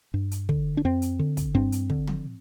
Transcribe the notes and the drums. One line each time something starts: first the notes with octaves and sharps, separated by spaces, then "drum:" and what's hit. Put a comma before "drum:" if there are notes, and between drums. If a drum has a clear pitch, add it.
G2
drum: hi-hat
D3, drum: kick
D4
F2 C4
drum: hi-hat
D3
drum: kick, hi-hat
G2 C4
drum: hi-hat
D3, drum: kick
drum: tom